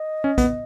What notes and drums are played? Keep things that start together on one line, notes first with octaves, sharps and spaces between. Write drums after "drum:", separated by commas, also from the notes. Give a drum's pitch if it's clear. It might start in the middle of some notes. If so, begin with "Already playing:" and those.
Already playing: D#5
C#4
B3, drum: kick, hi-hat